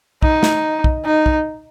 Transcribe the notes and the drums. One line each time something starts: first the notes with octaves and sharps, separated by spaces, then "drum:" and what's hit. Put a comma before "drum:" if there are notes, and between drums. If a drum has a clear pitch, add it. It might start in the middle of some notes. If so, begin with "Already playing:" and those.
D#4, drum: kick
drum: snare
drum: kick
D#4
drum: kick